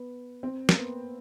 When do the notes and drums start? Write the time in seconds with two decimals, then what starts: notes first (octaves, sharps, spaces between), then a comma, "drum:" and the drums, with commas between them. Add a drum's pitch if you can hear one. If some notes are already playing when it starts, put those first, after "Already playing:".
Already playing: B3
0.43 C4
0.69 A#3, drum: snare
0.77 B3